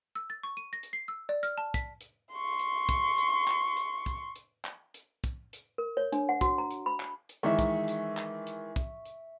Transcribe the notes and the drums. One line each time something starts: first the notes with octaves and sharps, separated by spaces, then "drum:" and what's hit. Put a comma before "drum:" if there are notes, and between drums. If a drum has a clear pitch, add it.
E6
A6
C#6
D#7
A#6
drum: hi-hat
C7
E6
D5
F6, drum: hi-hat
A5
B6, drum: kick, hi-hat
drum: hi-hat
C6 C#6
drum: hi-hat
drum: kick, hi-hat
drum: hi-hat
drum: clap
drum: hi-hat
drum: kick, hi-hat
drum: hi-hat
drum: clap
drum: hi-hat
drum: kick, hi-hat
drum: hi-hat
A#4
C#5
D4, drum: hi-hat
F#5
F#4, drum: kick, hi-hat
A#5
drum: hi-hat
B5
drum: clap
drum: hi-hat
D#3 E3 G#3 E5 C#6
drum: kick, hi-hat
drum: hi-hat
drum: clap
drum: hi-hat
drum: kick, hi-hat
drum: hi-hat